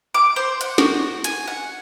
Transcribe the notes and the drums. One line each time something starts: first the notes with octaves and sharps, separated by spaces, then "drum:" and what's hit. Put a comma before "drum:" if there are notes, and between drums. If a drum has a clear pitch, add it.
D6
C5
F#5, drum: hi-hat
F#4, drum: snare
G#5, drum: hi-hat
F#5